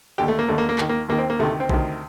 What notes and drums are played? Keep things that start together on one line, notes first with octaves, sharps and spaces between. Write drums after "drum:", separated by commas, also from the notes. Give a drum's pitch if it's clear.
D#2 D3 G4
A3
A#3
D#2 D3 A3
A#3
A#3
D#2 D#3, drum: clap
A#3
D#2 D#3 A#3
C4
A#3
D2 C3 D#3 A3
C4
D2 C3 D#3, drum: kick B1